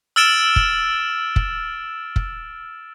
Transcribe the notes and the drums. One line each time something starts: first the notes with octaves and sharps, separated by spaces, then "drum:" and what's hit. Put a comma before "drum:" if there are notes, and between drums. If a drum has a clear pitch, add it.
E6 F6 A6 D7 E7
drum: kick
drum: kick
drum: kick